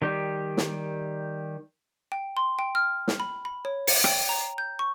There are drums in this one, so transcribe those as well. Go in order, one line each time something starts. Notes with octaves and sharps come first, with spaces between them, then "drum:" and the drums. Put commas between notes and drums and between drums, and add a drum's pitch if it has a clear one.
D#3 G3 G4
drum: snare
G5
C6
G5
F6
drum: snare
B5
B5
C#5
C#7, drum: open hi-hat
G5, drum: rim click
A#5
G6
C#6